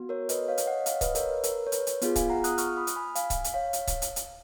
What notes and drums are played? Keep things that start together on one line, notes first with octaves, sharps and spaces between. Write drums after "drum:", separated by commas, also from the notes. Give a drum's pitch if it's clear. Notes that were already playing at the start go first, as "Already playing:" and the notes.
Already playing: B3 F#4
A#4 C#5
B4 D#5, drum: hi-hat
C#5 F5
drum: hi-hat
D#5 F#5
C#5 F5, drum: hi-hat
B4 D#5, drum: kick C#1, hi-hat
A#4 C#5, drum: hi-hat
B4
A#4, drum: hi-hat
C#5
B4, drum: hi-hat
drum: hi-hat
B3 F4 G#4, drum: hi-hat
F5 G#5, drum: kick C#1, hi-hat
F#5 A#5
D#6 F#6, drum: hi-hat
C#6 F6, drum: hi-hat
B5 D#6
drum: hi-hat
G#5 B5
F5 G#5, drum: hi-hat
drum: kick C#1, hi-hat
drum: hi-hat
C#5 F5
drum: hi-hat
drum: kick C#1, hi-hat
drum: hi-hat
drum: hi-hat